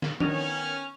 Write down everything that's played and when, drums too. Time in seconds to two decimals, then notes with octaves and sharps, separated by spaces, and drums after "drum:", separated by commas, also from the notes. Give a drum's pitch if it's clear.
0.02 drum: snare
0.20 D#3 B3 C#4 D4 D#5 F7, drum: tom